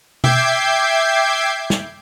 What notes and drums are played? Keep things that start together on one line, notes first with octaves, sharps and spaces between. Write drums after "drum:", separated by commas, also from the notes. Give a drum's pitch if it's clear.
E5 G5 D6 G6 G#6 C7, drum: tom B2
drum: snare